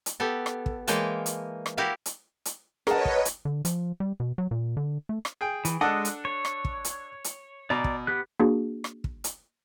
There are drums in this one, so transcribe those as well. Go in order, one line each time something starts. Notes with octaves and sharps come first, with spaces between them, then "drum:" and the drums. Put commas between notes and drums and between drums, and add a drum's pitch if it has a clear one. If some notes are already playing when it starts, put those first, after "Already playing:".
drum: hi-hat
B3 G4 A4
drum: rim click
drum: kick
E3 G#3 A#3 C#5 G5 A5, drum: hi-hat
drum: hi-hat
drum: rim click
E4 F#4 G4 A#4 D5 F5
drum: hi-hat
drum: hi-hat
G#4 A#4 B4 C#5 D#5 F#5 A5, drum: rim click
drum: kick
drum: hi-hat
D3
F3, drum: hi-hat
G3
B2
F#3
A#2
D3
A3
drum: rim click
G#4 G5
E3, drum: hi-hat
G#3 D4 A4 D#5 F#5
drum: hi-hat
C#5
drum: rim click
drum: kick
drum: hi-hat
drum: hi-hat
B2 D5 A#5 D6
drum: kick
B3 G4 F#6
A#3 D4 F#4 G#4
drum: rim click
drum: kick
drum: hi-hat